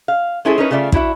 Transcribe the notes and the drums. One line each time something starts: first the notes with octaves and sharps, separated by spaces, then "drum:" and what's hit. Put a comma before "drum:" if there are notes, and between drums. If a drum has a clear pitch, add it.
F5
G#3 C#4 E4 G#4 A4 C5
C#4 D#4 E4 A#4 B4 C#5
C#3 A3 F4 D5 E5
D4 E4 F#4 E5, drum: kick